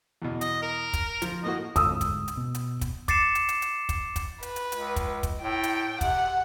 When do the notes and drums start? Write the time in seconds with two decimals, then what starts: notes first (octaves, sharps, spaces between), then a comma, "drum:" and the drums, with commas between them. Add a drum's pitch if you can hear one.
0.22 E2 B2
0.41 D#5, drum: hi-hat
0.62 A#4
0.93 drum: kick, hi-hat
1.22 F3, drum: hi-hat
1.44 A2 A#3 F#4 D#5
1.76 D2 G#2 D#6 E6, drum: kick, hi-hat
2.01 drum: kick, hi-hat
2.28 drum: hi-hat
2.37 B2
2.55 drum: hi-hat
2.81 drum: kick, hi-hat
3.08 D6 A6 C7 C#7 E7, drum: kick, hi-hat
3.35 drum: hi-hat
3.49 drum: hi-hat
3.62 drum: hi-hat
3.89 drum: kick, hi-hat
4.16 drum: kick, hi-hat
4.43 B4, drum: hi-hat
4.56 drum: hi-hat
4.72 C#2, drum: hi-hat
4.96 drum: kick, hi-hat
5.23 drum: kick, hi-hat
5.42 A2 G5
5.63 drum: hi-hat
6.01 C3 F#5, drum: kick, hi-hat